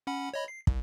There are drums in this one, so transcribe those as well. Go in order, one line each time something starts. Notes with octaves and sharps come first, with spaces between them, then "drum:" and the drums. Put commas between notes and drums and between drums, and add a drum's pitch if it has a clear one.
C#4 F#5 B5
C#5 D#5 B5
C7
C2, drum: kick